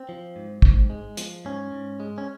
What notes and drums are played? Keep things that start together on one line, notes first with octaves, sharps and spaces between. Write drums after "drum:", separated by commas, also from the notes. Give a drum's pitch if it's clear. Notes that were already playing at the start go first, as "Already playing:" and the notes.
Already playing: C4
F3
G#2
G#2, drum: kick
G#3
F3, drum: hi-hat
G#2 C#4
G#2
G#3
C#4